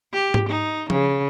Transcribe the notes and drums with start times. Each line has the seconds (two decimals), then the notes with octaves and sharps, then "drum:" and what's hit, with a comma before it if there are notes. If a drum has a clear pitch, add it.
0.13 G4
0.34 drum: tom G#2
0.49 D#4
0.90 C#3, drum: tom F3